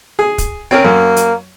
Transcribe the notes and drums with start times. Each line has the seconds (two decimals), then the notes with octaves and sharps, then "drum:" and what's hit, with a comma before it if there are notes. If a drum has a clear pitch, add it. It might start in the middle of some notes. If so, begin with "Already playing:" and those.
0.19 G#4
0.38 drum: kick, hi-hat
0.71 C4 C#4 A#4
0.84 F#2 A#3
1.16 drum: hi-hat